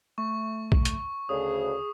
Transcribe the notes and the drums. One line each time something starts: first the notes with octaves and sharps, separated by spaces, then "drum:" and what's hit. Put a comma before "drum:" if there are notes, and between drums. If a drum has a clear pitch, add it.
A3 C#6
drum: kick A#1
drum: hi-hat
D2 C#3 G#4 D#6